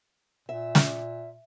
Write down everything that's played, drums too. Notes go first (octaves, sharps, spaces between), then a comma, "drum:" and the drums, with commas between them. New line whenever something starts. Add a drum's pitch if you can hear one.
A#2 E5
drum: snare